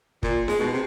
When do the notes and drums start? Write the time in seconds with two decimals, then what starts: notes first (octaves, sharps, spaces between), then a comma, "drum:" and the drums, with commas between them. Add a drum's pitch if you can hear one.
0.23 A#2, drum: kick
0.48 G#3, drum: snare D#4
0.60 B2
0.73 C3